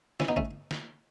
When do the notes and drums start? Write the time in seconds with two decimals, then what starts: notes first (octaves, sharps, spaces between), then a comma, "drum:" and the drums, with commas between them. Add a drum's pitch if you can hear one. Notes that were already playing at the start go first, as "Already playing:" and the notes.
0.20 E3 C#4 E4, drum: snare
0.28 B3 D#4
0.36 A3 C#4, drum: kick
0.71 drum: snare